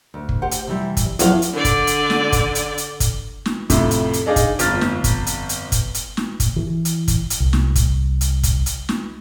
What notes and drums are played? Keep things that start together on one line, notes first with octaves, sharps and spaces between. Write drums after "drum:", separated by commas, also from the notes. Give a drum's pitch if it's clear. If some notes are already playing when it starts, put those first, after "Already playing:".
D2
drum: kick
G4 C5 F#5
drum: hi-hat
C3 E3 G3
drum: kick, hi-hat
E2 F3 F#3 F4 F5, drum: hi-hat
drum: hi-hat
D3 D5
drum: kick, hi-hat
drum: hi-hat
drum: snare
drum: kick, hi-hat
drum: hi-hat
drum: hi-hat
drum: kick, hi-hat
drum: snare
F2 A2 C3 A3 E5, drum: kick, hi-hat
drum: hi-hat
drum: hi-hat
D4 D#4 G#4 D5 F5
drum: kick, hi-hat
G1 F2 F6 A6, drum: hi-hat
drum: snare
drum: kick, hi-hat
drum: hi-hat
drum: hi-hat
drum: kick, hi-hat
drum: hi-hat
drum: snare
drum: kick, hi-hat
E3
drum: hi-hat
drum: kick, hi-hat
drum: hi-hat
C2
drum: snare
drum: kick, hi-hat
drum: hi-hat
drum: kick, hi-hat
drum: hi-hat
drum: snare